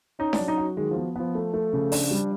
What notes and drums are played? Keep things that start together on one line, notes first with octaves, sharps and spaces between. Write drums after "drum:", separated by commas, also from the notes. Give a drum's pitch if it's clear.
C#4 D#4
D4, drum: snare D4
F#3
D#4
F#4
D#3 G#3
F3 B3
F3 B3
A3
A3
C#3
D4, drum: open hi-hat
G3